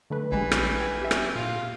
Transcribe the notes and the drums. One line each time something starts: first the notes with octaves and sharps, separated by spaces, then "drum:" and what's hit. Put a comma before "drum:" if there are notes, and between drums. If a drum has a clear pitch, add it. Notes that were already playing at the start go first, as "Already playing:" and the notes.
D3 A3 B4
A#1 E3 G#3 G4
drum: rim click
G5 G#6
G4 E5
drum: rim click
A#2 F4